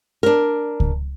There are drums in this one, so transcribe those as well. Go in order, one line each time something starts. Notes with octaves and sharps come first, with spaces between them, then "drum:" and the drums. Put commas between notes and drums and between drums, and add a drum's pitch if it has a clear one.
D4 A#4
drum: kick C#2